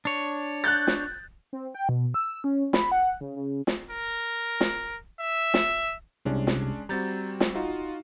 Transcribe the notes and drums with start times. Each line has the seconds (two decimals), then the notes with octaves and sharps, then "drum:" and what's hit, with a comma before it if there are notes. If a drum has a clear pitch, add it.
0.05 D4 C#5
0.64 F#6 G6 A6
0.87 drum: snare
1.53 C4
1.75 G5
1.89 B2
2.14 E6
2.44 C#4
2.73 B5, drum: snare
2.92 F#5
3.21 C#3
3.36 C#3
3.67 drum: snare
3.91 A#4
4.61 drum: snare
5.20 E5
5.54 drum: snare
6.25 C2 C3 G#3 C#4 D4
6.47 drum: snare
6.89 G3 C4 F#4 A#5 G6 A6
7.40 drum: snare
7.55 D#4 F4 F#4